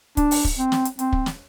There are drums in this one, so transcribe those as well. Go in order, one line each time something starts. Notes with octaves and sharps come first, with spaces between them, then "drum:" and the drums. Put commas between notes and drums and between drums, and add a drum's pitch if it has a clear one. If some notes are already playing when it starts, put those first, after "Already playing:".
D4, drum: kick, hi-hat
drum: open hi-hat
drum: kick
C4
drum: snare
drum: hi-hat
C4, drum: hi-hat
drum: kick
drum: snare